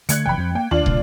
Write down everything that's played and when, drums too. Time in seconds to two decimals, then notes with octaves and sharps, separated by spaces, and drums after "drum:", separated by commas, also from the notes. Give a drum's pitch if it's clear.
0.09 D3 A3 F#6 G#6 C#7, drum: hi-hat
0.26 F1 E3 G5 B5
0.38 F2 F3
0.55 A#3 G5
0.71 D#2 D4 F4 F#7
0.86 C2 A#2 D3, drum: kick